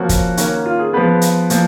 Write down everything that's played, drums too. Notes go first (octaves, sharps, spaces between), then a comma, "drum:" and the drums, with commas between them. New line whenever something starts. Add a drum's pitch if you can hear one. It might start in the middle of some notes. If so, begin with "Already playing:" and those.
Already playing: F3 A#3 C#4 F#4
drum: kick, hi-hat
D#3 A#3 C#4, drum: hi-hat
F4
G#4
F3 G#3 B3 B4
drum: hi-hat
A#2 F3, drum: hi-hat